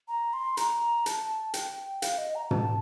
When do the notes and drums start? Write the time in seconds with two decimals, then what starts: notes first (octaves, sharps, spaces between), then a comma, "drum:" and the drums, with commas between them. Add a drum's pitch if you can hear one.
0.08 A#5
0.33 C6
0.57 A#5, drum: hi-hat
1.06 A5, drum: hi-hat
1.54 G5, drum: hi-hat
2.02 F5, drum: hi-hat
2.18 D#5
2.35 A#5
2.46 A#5
2.51 A5, drum: tom